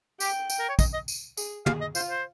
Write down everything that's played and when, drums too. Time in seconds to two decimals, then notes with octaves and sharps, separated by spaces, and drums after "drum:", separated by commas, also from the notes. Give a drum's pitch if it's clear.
0.20 G4 G5, drum: tambourine
0.50 drum: tambourine
0.59 A#4
0.69 C#5
0.79 D#5, drum: kick, tambourine
0.93 D#5
1.08 drum: tambourine
1.37 G#4, drum: tambourine
1.66 G#4 F5, drum: tom
1.81 D#5
1.95 F4 C5, drum: tambourine
2.10 C5